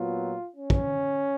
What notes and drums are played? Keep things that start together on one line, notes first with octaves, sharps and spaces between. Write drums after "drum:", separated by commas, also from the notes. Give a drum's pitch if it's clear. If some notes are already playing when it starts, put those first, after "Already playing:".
Already playing: A#2 F#3 B3 F4
C#4
drum: kick